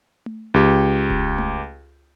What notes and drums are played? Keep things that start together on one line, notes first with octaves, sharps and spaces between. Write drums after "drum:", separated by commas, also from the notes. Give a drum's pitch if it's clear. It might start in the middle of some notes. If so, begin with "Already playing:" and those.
drum: tom A3
C#2 G4
drum: kick D#1
drum: tom A3